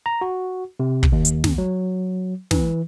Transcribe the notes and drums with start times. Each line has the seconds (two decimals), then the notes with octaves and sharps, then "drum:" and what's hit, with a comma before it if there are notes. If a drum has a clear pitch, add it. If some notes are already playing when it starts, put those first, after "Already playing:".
0.06 A#5
0.21 F#4
0.80 C3
1.03 drum: kick
1.12 D#2
1.25 drum: hi-hat
1.44 drum: snare
1.58 F#3
2.51 E3, drum: snare